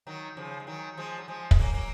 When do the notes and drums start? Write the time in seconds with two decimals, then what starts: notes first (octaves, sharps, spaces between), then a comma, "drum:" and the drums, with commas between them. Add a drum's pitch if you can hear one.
0.07 D#3 F#3
0.37 C#3 F3
0.60 G#3
0.67 D#3 F#3
0.97 F3 G#3
1.18 F#3
1.28 F3 G#3
1.51 G#3, drum: kick
1.59 F#3 A#3
1.73 F#3 A#3